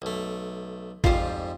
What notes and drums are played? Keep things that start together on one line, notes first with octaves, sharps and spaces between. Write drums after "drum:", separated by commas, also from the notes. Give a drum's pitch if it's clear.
B1 A3
F2 G#2 G3 F4 C5, drum: kick